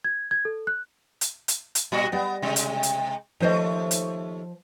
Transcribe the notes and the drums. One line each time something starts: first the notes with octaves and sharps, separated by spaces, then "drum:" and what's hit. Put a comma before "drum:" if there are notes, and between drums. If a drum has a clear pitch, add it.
G#6
G#6
A4
F#6
drum: hi-hat
drum: hi-hat
drum: hi-hat
A#2 G3 F#4
G3 B3 F#5 G5
C3 G#3
drum: hi-hat
drum: hi-hat
D#2 F3 A3 C5 D#5
drum: hi-hat